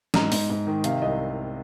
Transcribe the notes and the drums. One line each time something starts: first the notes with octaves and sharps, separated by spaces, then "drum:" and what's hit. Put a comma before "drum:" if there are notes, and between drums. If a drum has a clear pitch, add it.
G#2 A#5, drum: snare
G#2, drum: open hi-hat
G#2
D#3
C3 F5, drum: hi-hat
C2 D#5